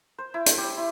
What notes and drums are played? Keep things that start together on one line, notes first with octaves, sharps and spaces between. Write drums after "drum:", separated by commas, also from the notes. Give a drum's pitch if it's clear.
C5
E4
C5, drum: hi-hat
G3
E4